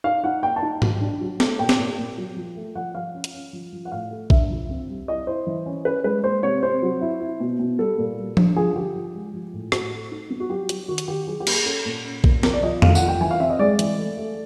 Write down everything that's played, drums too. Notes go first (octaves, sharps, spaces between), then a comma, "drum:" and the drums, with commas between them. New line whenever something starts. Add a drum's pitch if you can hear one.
D#4 F5
D#4 F#5
A#3 G5
A5
D#4
F#3, drum: tom G#2
D4
F#3
A3, drum: snare
A#2 G5
drum: snare
A#2
A#2
F#3
F3
A3
F3 F#5
F3 F5
C#4
drum: hi-hat
C#4
F3
F3
F#5
A2 F5
A3
D4 E5, drum: kick A#1
F3
C4
G3
E4 D#5
E4 C5
E3
C#4
C#4 B4
G#3 B4
A#3 C5
C3 C#5
C3 C5
F#3
E4
E4
B2
B2
G3 A4
A#2
G3
D4, drum: tom F3
F3 G#4
D3 G4
F3
G#3
F3
A2
A2 F#4, drum: rim click
A3
D#4
B3
F#4
F#3 G4
F#3, drum: hi-hat
D#3 F#4
drum: hi-hat
D#3 G4
F#3 G#4
G4
A#3, drum: cymbal
G#4
C#4 A4
A#2
C#4
A#2, drum: kick A#1
F3 A#4, drum: snare
D5
F3 D#5
A3 F5, drum: tom F2
F#5, drum: tambourine
F3
G5
E3 G#5
F5
C4 E5
D#5
G#3 D5
E3, drum: hi-hat
A3
A3